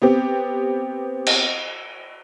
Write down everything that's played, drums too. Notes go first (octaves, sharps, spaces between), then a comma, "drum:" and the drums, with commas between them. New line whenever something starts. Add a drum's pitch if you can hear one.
B3 C4 G4
drum: cymbal